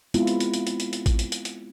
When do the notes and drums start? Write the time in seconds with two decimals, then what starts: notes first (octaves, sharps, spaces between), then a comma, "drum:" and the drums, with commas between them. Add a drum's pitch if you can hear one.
0.14 G#3 B3 C4 E4 F4, drum: hi-hat
0.27 drum: hi-hat
0.40 drum: hi-hat
0.54 drum: hi-hat
0.67 drum: hi-hat
0.80 drum: hi-hat
0.93 drum: hi-hat
1.06 drum: kick A1, hi-hat
1.19 drum: hi-hat
1.32 drum: hi-hat
1.45 drum: hi-hat